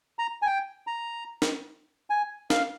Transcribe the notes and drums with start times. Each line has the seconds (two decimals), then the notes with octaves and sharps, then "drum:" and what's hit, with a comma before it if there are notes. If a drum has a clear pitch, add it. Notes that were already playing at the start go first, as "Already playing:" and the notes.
0.19 A#5
0.42 G#5
0.46 G5
0.87 A#5
1.42 drum: snare
2.10 G#5
2.50 F5, drum: snare